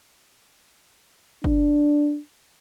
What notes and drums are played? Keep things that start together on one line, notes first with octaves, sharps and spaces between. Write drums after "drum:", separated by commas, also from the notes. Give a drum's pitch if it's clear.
D4, drum: kick